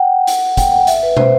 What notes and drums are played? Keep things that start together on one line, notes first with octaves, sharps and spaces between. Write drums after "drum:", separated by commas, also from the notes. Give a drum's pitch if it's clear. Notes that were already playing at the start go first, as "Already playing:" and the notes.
Already playing: F#5 G5
drum: hi-hat
G5, drum: kick, hi-hat
F#5
E5, drum: hi-hat
B4
C5, drum: tom